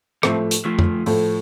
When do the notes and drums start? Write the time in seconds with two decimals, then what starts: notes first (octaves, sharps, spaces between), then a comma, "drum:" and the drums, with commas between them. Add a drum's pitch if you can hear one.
0.23 A2 F3 G3 A3 C4, drum: rim click
0.51 drum: hi-hat
0.65 F3 A3
0.79 drum: tom F2
1.06 A2 F3 A3, drum: open hi-hat